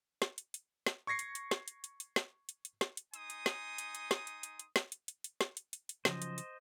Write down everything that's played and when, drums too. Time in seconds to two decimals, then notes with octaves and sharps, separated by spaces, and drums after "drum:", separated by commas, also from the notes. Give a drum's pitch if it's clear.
0.22 drum: snare
0.38 drum: hi-hat
0.54 drum: hi-hat
0.87 drum: snare
1.07 C#6 G#6 A#6 C7 C#7
1.19 drum: hi-hat
1.35 drum: hi-hat
1.51 drum: snare
1.68 drum: hi-hat
1.84 drum: hi-hat
2.00 drum: hi-hat
2.16 drum: snare
2.49 drum: hi-hat
2.65 drum: hi-hat
2.81 drum: snare
2.97 drum: hi-hat
3.14 D#4 G#5 C6 D#6, drum: hi-hat
3.30 drum: hi-hat
3.46 drum: snare
3.78 drum: hi-hat
3.95 drum: hi-hat
4.11 drum: snare
4.27 drum: hi-hat
4.43 drum: hi-hat
4.59 drum: hi-hat
4.76 drum: snare
4.92 drum: hi-hat
5.08 drum: hi-hat
5.24 drum: hi-hat
5.41 drum: snare
5.57 drum: hi-hat
5.73 drum: hi-hat
5.89 drum: hi-hat
6.05 C#3 F3 F#3 C5 D#5, drum: snare
6.22 drum: hi-hat
6.38 drum: hi-hat